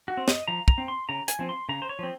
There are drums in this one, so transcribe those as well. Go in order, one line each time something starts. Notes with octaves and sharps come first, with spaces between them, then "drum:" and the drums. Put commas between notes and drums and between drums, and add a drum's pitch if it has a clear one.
F#4
C4
D#5, drum: snare
F3 A#5
A#5, drum: kick
C4
C6
C#3 A#5
G#5, drum: hi-hat
F3 C4
C6
C#3 A#5
C5
C#5
F3 C4